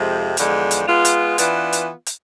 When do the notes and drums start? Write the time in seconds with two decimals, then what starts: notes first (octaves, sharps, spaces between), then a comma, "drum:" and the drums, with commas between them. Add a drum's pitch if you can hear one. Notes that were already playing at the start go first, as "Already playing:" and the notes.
Already playing: F2 C3 F3 G#3
0.37 E2 D3 F3 G#3, drum: hi-hat
0.71 drum: hi-hat
0.87 G#3 B3 F4
1.05 drum: hi-hat
1.38 E3 B3 D4 F4, drum: hi-hat
1.73 drum: hi-hat
2.07 drum: hi-hat